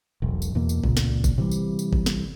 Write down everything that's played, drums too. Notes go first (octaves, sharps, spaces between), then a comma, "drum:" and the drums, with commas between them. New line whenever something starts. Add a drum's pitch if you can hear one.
E1 B1
drum: tambourine
E2 B2 A#3
drum: tambourine
C#2 A#2, drum: kick G#1
drum: snare
drum: kick G#1, tambourine
C3 E3 G3
drum: tambourine
drum: tambourine
drum: kick G#1
drum: snare